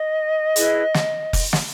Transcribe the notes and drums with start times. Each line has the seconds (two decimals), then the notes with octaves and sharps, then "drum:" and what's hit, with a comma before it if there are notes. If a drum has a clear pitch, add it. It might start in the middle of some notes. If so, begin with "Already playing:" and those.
Already playing: D#5
0.56 E4 G#4 B4, drum: hi-hat
0.94 drum: snare
1.33 drum: kick F1, open hi-hat
1.53 drum: snare